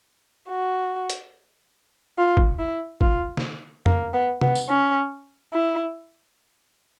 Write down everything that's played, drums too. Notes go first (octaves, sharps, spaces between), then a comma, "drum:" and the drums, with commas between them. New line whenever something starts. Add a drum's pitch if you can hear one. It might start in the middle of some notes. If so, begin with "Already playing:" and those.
F#4
drum: hi-hat
F4
drum: kick
E4
F4, drum: kick
drum: snare
A#3, drum: tom F2
B3
B3, drum: tom
drum: tambourine
C#4
E4